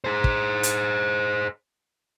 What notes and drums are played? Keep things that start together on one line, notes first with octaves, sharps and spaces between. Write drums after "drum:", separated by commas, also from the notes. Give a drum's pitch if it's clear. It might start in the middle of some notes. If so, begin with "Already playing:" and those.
G#4 C5
drum: kick
drum: hi-hat